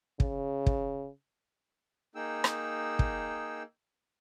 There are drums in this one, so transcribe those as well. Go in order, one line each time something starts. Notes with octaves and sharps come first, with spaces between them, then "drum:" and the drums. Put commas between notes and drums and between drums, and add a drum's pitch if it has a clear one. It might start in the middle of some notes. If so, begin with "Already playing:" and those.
C#3, drum: kick
drum: kick
A#3 D#4 G#4 G5 E6
drum: rim click
drum: kick